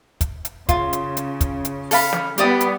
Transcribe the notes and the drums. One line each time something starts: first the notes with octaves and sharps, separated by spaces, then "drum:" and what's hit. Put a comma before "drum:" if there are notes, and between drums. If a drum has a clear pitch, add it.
drum: kick, hi-hat
drum: hi-hat
C#3 F4, drum: kick, hi-hat
drum: hi-hat
drum: hi-hat
drum: kick, hi-hat
drum: hi-hat
A4 F5 B5, drum: open hi-hat
drum: snare
G3 B3 G4 D5 D#6, drum: hi-hat
drum: hi-hat